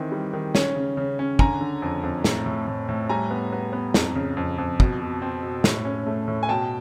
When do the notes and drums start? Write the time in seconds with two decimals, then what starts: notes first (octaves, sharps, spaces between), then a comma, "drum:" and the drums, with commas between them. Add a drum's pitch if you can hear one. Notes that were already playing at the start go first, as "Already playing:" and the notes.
Already playing: D#3 E3 C4
0.12 G3
0.33 D#3
0.55 C#4, drum: snare
0.76 C#3
0.97 C#3
1.19 C#4
1.39 D3 G#5 A#5, drum: kick
1.61 D3
1.82 F2
2.03 F2
2.24 A2, drum: snare
2.46 A2
2.67 A2
2.89 A2
3.09 G3 G#5 A#5
3.31 B3
3.52 B3
3.73 B3
3.94 F2, drum: snare
4.15 C#3
4.37 F2
4.58 F2
4.80 B2, drum: kick
5.01 B2
5.22 C4
5.43 B2
5.64 A2, drum: snare
5.85 C#4
6.07 A3
6.28 A2
6.43 G#5
6.49 B2 G5 A5